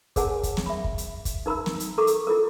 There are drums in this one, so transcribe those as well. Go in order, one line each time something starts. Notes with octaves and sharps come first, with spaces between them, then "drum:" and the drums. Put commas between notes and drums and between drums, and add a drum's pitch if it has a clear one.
G#4 A#4 C#5 F#5 G#5 A5, drum: kick, hi-hat
drum: kick, hi-hat
drum: snare
E5 B5
drum: kick
drum: hi-hat
drum: kick, hi-hat
D#4 A#4 A#5 B5 E6
drum: snare
drum: hi-hat
A4 A#4 A#5 C#6 D6
drum: hi-hat
E4 F4 A4 A#4